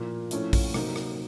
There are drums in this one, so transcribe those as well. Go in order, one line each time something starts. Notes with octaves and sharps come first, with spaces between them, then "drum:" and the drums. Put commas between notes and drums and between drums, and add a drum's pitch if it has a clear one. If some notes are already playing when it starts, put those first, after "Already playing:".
Already playing: A#2 F3 A#3
A2 F3 A3 C#4, drum: hi-hat
drum: kick A#1, open hi-hat
C3 F#3 A#3 D#4, drum: rim click
drum: rim click